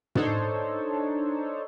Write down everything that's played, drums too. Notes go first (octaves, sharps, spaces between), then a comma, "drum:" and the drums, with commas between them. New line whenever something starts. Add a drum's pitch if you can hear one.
D4 D#4 A4 C5 C#5, drum: tom